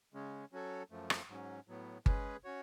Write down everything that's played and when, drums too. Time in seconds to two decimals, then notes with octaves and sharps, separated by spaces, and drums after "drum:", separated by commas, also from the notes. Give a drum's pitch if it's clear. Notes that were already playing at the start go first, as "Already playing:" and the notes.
0.14 C#3 G#3 C#4
0.53 F#3 C#4 F#4 A4 C#5
0.91 F#2 F3 A3
1.10 drum: rim click
1.29 G#2 F#3 C#4
1.68 A2 F#3 B3
2.06 G#3 C#4 G#4 B4, drum: kick G1
2.44 C#4 F#4 C#5